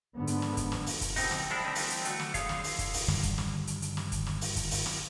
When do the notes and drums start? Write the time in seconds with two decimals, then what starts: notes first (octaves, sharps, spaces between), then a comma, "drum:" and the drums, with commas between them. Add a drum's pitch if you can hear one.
0.16 G#2 D3 B3
0.27 drum: hi-hat
0.42 drum: snare
0.57 drum: kick, hi-hat
0.72 drum: snare
0.86 drum: open hi-hat
1.01 drum: kick, hi-hat
1.16 B2 C4 D#4, drum: open hi-hat
1.31 drum: snare
1.50 F3 G#3 C4 D4 E4
1.65 D3 E3 G3 A3 C4 D#4
1.75 drum: open hi-hat
1.90 drum: hi-hat
2.05 A3 F#4, drum: hi-hat
2.20 drum: snare
2.34 D3 G#4 C#5 F5, drum: kick, hi-hat
2.49 drum: snare
2.64 drum: open hi-hat
2.79 drum: kick, hi-hat
2.93 drum: open hi-hat
3.08 G2 D3 D#3 G3, drum: snare
3.23 drum: kick, hi-hat
3.38 drum: snare
3.67 drum: hi-hat
3.82 drum: hi-hat
3.97 drum: snare
4.12 drum: kick, hi-hat
4.26 drum: snare
4.41 drum: open hi-hat
4.56 drum: kick, hi-hat
4.71 drum: open hi-hat
4.86 drum: snare